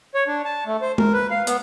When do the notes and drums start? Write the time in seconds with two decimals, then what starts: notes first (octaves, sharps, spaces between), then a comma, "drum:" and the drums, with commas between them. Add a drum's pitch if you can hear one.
0.15 C#5
0.27 D4
0.45 A5
0.66 A3
0.82 C5
0.98 A#4, drum: tom G#3
1.13 B4
1.31 F5
1.47 B3, drum: hi-hat